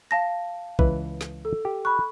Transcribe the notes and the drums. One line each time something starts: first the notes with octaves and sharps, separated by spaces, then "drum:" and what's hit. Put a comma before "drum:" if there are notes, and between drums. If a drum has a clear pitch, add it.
F5 A5 A#6
C#2 E3 B4, drum: kick A#1
drum: snare
A4
G4
B5 C#6 F#6